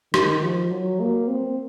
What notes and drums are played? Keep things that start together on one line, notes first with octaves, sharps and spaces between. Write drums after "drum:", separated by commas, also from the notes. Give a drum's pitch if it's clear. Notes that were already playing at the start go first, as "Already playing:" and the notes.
D#3, drum: rim click
F3
F#3
A#3
C4